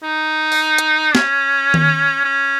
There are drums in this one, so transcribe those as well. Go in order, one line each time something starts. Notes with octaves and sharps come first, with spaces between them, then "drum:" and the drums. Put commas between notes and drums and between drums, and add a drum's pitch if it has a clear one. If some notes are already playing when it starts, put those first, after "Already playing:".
D#4
drum: open hi-hat
drum: hi-hat
C#4, drum: snare
drum: tom D#3
C#4